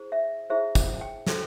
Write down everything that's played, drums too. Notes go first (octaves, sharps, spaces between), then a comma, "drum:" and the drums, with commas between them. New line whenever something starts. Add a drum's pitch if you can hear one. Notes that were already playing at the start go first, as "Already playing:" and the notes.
Already playing: E4 G#4 C5
E5
E4 G#4 C5 E5
drum: kick, tambourine
G5
F#4 A4 C5, drum: snare